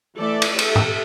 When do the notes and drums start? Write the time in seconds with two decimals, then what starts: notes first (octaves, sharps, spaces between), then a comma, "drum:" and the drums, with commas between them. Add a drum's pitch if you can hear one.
0.16 E3 A3 A4 D5 E5
0.42 drum: cymbal
0.59 G4 A4 E5, drum: cymbal
0.75 drum: tom